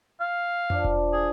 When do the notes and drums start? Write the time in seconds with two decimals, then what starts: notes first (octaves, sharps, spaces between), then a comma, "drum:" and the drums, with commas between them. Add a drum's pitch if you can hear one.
0.20 F5
0.70 F3 D4, drum: tom F2
0.84 drum: kick E1
1.13 G#4